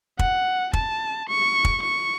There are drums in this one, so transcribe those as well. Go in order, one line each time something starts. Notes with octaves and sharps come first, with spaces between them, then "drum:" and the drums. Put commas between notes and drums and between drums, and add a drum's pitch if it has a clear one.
F#5, drum: kick
A5, drum: kick
C#6
drum: kick
C#6